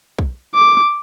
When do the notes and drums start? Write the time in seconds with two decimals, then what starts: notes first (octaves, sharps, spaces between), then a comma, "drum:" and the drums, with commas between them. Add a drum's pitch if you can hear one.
0.19 drum: kick
0.55 D6